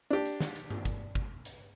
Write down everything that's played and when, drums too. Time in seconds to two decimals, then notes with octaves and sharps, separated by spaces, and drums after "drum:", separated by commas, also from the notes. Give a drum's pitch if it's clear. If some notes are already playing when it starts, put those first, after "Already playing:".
0.10 D4 G4
0.25 drum: hi-hat
0.40 drum: snare
0.55 drum: hi-hat
0.70 drum: tom G2
0.85 drum: kick, hi-hat
1.15 drum: kick
1.45 drum: hi-hat